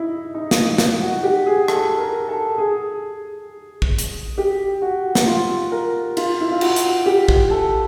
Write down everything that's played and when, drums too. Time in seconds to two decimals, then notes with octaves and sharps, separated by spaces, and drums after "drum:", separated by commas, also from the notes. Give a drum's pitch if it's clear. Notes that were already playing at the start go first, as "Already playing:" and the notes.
Already playing: D#4 E4
0.35 D#4
0.51 drum: snare
0.78 D#4, drum: snare
1.02 F#4
1.23 G4
1.46 G#4
1.68 A4, drum: rim click
1.98 A#4
2.28 A4
2.58 G#4
3.82 drum: kick
3.98 drum: hi-hat
4.38 G4
4.82 F#4
5.15 drum: snare
5.27 F4
5.72 A#4
6.17 F4, drum: cymbal
6.41 E4
6.51 F4
6.61 F#4, drum: cymbal
6.76 drum: hi-hat
7.06 G4
7.28 drum: kick
7.51 A4